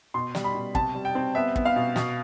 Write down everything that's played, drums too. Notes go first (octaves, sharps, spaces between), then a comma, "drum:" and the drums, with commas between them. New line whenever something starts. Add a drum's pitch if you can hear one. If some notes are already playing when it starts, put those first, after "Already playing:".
B2 C6
G3, drum: snare
B5
B2
C3 A5, drum: kick
G3
G5
C4
B3 E5
B3, drum: kick
F5
B2
B2, drum: snare